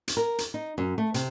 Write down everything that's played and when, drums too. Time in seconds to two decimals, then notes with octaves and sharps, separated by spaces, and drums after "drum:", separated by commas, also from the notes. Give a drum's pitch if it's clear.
0.08 drum: hi-hat
0.17 A#4
0.38 drum: hi-hat
0.54 D#4
0.78 F#2
0.98 A3
1.14 C3, drum: hi-hat